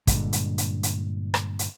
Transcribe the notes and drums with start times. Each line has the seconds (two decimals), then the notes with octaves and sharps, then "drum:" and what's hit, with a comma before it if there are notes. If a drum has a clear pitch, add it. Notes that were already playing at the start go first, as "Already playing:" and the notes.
0.07 G2 A#2 D3 G#3, drum: kick, hi-hat
0.33 drum: hi-hat
0.58 drum: hi-hat
0.83 drum: hi-hat
1.34 drum: rim click
1.59 drum: hi-hat